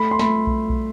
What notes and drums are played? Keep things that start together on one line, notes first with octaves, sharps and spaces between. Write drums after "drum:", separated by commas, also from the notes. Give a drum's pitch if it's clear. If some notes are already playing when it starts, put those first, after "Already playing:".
Already playing: A3 B5
C6
A3 B5, drum: snare
drum: kick
drum: kick